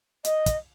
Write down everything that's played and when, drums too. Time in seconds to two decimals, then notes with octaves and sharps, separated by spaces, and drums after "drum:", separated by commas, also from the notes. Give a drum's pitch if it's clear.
0.25 D#5, drum: hi-hat
0.46 drum: kick, hi-hat